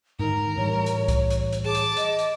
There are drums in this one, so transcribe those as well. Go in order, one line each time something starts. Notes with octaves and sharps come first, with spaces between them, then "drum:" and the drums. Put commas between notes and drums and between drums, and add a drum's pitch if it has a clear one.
G#2 D#3 D#4 A#4
A2 E3 G3 C#5
drum: hi-hat
drum: kick C2, hi-hat
drum: hi-hat
drum: hi-hat
G#4 A5 D6
drum: hi-hat
D#5, drum: hi-hat
drum: hi-hat